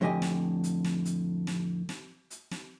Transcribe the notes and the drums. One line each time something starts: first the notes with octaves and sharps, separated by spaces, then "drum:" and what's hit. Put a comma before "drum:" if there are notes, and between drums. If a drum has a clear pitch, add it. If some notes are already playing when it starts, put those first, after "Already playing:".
F2 A2 D3 G4 D#5 G#5
drum: snare
drum: hi-hat
drum: snare
drum: hi-hat
drum: snare
drum: snare
drum: hi-hat
drum: snare